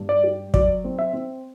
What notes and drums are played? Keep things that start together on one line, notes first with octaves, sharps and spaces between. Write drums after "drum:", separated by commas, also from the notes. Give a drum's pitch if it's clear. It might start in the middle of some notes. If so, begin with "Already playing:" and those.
Already playing: G2
D5
G4
F#3 D5, drum: kick
C4
E5
C4